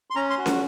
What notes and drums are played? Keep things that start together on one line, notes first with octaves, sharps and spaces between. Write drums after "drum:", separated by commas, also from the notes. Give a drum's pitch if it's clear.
C6
C#4 A#5
C6
F#4
C#6, drum: snare